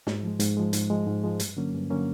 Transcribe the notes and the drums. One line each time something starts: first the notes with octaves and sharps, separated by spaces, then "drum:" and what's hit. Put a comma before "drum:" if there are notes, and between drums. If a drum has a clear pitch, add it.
G#2, drum: snare
F3 G#3
G#2, drum: hi-hat
F3 G#3
G#2, drum: hi-hat
F3 G#3
G#2
F3 G#3
G2, drum: hi-hat
D3 F#3 A#3 C#4
G2
D3 F#3 A#3 C#4